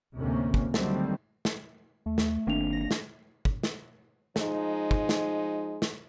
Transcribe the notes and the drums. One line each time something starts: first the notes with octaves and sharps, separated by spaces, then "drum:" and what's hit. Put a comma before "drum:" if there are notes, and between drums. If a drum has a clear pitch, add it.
D2 G#2 C3 A#3 C#4
drum: kick
D3 D#3 F#3 G3 A3 C4, drum: snare
drum: snare
D#2 A3
drum: snare
G1 D#3 A#3 C4 D4 F7
A#6
drum: snare
drum: kick
drum: snare
F3 G#3 D#4, drum: snare
drum: kick
drum: snare
drum: snare